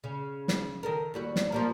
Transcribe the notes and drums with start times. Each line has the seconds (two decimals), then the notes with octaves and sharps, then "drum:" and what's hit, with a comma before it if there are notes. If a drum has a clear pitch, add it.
0.04 C#3
0.48 drum: snare
0.83 D#3 A4 A#4
1.14 D#2 G3 F#4
1.36 drum: snare
1.52 F3 G3 A#3